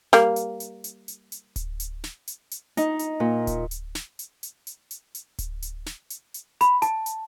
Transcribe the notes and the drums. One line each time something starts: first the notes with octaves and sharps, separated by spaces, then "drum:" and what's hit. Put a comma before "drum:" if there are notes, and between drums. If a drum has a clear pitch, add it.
G3 A#3, drum: snare
drum: hi-hat
drum: hi-hat
drum: hi-hat
drum: hi-hat
drum: hi-hat
drum: kick D1, hi-hat
drum: hi-hat
drum: snare
drum: hi-hat
drum: hi-hat
D#4, drum: hi-hat
drum: hi-hat
A#2
drum: kick D1, hi-hat
drum: hi-hat
drum: snare
drum: hi-hat
drum: hi-hat
drum: hi-hat
drum: hi-hat
drum: hi-hat
drum: kick D1, hi-hat
drum: hi-hat
drum: snare
drum: hi-hat
drum: hi-hat
B5, drum: hi-hat
A5, drum: hi-hat
drum: hi-hat